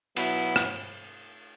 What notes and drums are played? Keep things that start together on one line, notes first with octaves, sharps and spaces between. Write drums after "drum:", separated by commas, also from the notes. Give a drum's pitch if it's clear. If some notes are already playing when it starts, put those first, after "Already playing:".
B2 F#3 B3 E4, drum: cymbal
drum: rim click